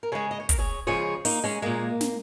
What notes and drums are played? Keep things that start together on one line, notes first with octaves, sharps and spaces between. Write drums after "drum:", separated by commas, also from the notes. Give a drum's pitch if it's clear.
A#4
C#3 G#3 G#4 C#5
D#5
C#5
A#4, drum: kick, hi-hat
G#4 C#5
C#3 F3 G#3 G#4 C#5
A#3 D#4, drum: open hi-hat
G#3 C#4
A#2 G#3 A#3
drum: snare